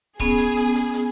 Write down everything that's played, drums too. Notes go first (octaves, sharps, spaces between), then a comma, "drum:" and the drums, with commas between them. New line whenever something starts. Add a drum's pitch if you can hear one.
B3 C#4 G#4 G#5, drum: kick C#1, hi-hat
drum: hi-hat
drum: hi-hat
drum: hi-hat
drum: hi-hat